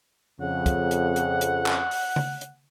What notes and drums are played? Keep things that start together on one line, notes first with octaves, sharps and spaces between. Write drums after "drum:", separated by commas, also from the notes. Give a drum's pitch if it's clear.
F2 C#3 F#5
drum: kick, hi-hat
drum: hi-hat
drum: hi-hat
drum: hi-hat
drum: clap
drum: open hi-hat
drum: tom C#3
drum: hi-hat